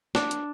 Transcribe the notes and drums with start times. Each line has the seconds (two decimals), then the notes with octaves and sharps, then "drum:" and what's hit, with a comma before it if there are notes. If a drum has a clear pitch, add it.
0.15 D4, drum: snare
0.31 drum: hi-hat